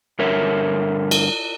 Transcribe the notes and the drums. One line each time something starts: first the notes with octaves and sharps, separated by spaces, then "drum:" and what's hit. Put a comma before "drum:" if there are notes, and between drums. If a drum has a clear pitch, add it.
G2 D3 A#4 C#5 E5
drum: cymbal